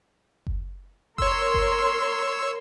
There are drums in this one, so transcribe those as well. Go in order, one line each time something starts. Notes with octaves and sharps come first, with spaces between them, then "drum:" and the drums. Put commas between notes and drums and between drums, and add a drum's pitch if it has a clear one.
drum: kick F#1
A#4 C#5 C6 E6, drum: kick F#1
drum: kick F#1